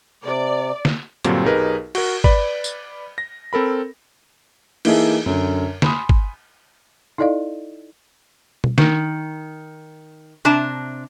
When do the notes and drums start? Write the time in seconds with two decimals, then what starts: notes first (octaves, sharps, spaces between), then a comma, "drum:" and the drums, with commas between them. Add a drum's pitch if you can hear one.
0.25 C3 D5
0.85 drum: snare
1.25 G2 A#2 D3 F#3 G3 C4, drum: hi-hat
1.43 B1 D#4 G4 G#4 A#4 B4
1.95 F#4 A#4, drum: cymbal
2.24 B4 D5 B5, drum: kick
2.64 drum: tambourine
3.18 A#6
3.53 C4 A4 A#4 B5
4.85 E3 A#3 D#4 E4 G#4 A4, drum: cymbal
5.26 F#2 D3
5.82 G#5 B5 C6 D#6, drum: snare
6.09 drum: kick
7.18 D#4 E4 A4 D5 D#5 F5
8.64 drum: tom B2
8.78 D#3, drum: snare
10.45 C3 D4 A5 A#5